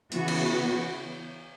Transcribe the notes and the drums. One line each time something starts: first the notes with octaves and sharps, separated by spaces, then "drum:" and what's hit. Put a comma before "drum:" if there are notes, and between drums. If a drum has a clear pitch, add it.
C#3 E3 B3 F#4, drum: hi-hat
drum: cymbal